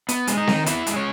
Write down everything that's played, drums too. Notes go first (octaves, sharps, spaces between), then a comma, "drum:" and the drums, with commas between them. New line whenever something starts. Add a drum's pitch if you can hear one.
B3, drum: hi-hat
G#3, drum: hi-hat
D#4 D#5
D#3, drum: snare C4
B3 E4 E5, drum: hi-hat
G#3, drum: hi-hat
C#4 C#5